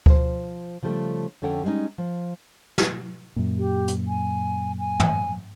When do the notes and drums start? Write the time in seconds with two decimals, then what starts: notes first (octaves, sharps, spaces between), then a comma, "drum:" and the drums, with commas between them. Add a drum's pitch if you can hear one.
0.06 F3 C5, drum: kick D2
0.83 C#3 F3 G3 A3
1.42 F2 D3 C#4 A4 F#5 G5
1.64 G3 G#3 A#3 C#4 D#4
1.98 F3
2.78 drum: snare
3.36 F#2 A#2
3.58 G4
3.88 drum: hi-hat
4.08 G#5
4.79 G#5
5.00 drum: tom